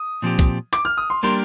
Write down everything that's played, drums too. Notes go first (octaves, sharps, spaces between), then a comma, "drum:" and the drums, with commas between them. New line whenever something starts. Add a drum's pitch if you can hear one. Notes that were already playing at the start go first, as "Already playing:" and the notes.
Already playing: D#6
A#2 F3 C4 G4
drum: kick, hi-hat
D6, drum: hi-hat
F6
D#6
C6
G3 A#3 D4 G4 A#4 C6